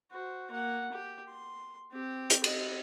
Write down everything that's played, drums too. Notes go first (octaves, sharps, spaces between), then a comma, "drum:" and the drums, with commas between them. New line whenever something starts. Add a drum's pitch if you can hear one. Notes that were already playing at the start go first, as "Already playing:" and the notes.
F#4 C5
A#3 F#5
G4
C6
C4 G4
drum: hi-hat
C4 D#5, drum: cymbal